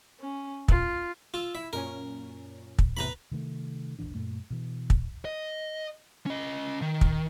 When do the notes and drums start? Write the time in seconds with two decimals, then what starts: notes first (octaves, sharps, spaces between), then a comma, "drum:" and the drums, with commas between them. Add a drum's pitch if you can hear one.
0.21 C#4
0.68 F4, drum: kick
1.34 F4 E6
1.55 E4 E5
1.73 F#2 A#2 C#4 A#4
2.79 drum: kick
2.97 E2 A2 C3 B4 A#5 B5
3.31 C3 D#3 A3
3.99 D#1 A1 E3 D4
4.15 F#2 A#2 A3
4.50 B2 E3
4.90 drum: kick
5.25 D#5
6.26 C#4 D#5
6.82 D#3
7.01 drum: kick